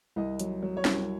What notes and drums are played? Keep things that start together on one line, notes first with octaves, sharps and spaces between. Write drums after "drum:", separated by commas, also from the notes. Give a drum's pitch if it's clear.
C2 D#5
F#3, drum: hi-hat
F#3
C#5
C2, drum: snare